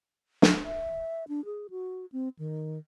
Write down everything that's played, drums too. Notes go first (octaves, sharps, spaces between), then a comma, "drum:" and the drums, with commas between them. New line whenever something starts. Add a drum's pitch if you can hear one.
drum: snare
E5
D4
G#4
F#4
C4
D#3